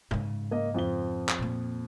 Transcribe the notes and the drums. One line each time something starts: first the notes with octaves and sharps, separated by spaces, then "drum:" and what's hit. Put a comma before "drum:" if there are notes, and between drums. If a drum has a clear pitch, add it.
G#2 C#3, drum: tom
A#3 D#5
F2 F3 G7
drum: clap
A#2 A#3